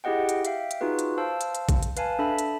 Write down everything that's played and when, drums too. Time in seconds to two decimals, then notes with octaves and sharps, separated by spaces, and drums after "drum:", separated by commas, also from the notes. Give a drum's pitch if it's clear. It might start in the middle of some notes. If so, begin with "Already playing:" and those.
0.04 E4 G4 G#4 D#5 F#5 G5
0.29 drum: hi-hat
0.45 E5 F5 G5, drum: hi-hat
0.71 drum: hi-hat
0.81 D#4 F4 F#4 G#4 B4
0.99 drum: hi-hat
1.18 C5 F5 A5 E6
1.41 drum: hi-hat
1.55 drum: hi-hat
1.69 drum: kick A#1, hi-hat
1.83 drum: hi-hat
1.97 B4 F5 G#5 A5, drum: hi-hat
2.19 D4 A4 E5 A5 B5
2.39 drum: hi-hat